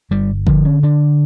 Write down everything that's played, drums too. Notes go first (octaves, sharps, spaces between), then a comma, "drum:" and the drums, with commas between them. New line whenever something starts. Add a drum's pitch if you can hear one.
G1 G3
D3 F3, drum: kick F#1
C#4
D3 D4